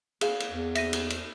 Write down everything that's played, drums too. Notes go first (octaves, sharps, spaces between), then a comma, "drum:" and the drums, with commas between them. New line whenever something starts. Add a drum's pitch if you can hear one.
G#4 F5, drum: cymbal
drum: cymbal
E2
E5 A#6 D#7, drum: cymbal
drum: cymbal
drum: cymbal